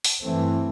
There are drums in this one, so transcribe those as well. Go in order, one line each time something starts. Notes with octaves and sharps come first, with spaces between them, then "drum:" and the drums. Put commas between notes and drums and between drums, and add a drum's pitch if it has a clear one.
drum: open hi-hat
G2 E3 A3 C4